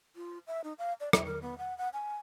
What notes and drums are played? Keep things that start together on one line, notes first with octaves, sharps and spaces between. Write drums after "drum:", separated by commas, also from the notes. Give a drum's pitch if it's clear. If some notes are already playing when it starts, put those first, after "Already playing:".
F4
E5
D#4
F5
D5
E5, drum: rim click
A#4
B3
F#5
F#5
G#5